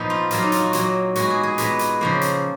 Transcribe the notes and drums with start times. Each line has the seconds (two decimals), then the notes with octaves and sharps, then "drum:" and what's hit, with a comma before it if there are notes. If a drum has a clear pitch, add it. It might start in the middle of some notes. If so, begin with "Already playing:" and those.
Already playing: A#2 F3 B3 D#4
0.10 F4
0.31 A#2 F#3 A#3 F4, drum: hi-hat
0.42 D#4
0.52 F4, drum: hi-hat
0.62 F#4
0.73 A#2 F#3 A#3, drum: hi-hat
1.15 A#2 G#3 B3 F#4, drum: hi-hat
1.30 G#4
1.43 G#4
1.58 A#2 G#3 B3 B4, drum: hi-hat
1.79 drum: hi-hat
2.01 C#3 F3 A#3
2.21 drum: hi-hat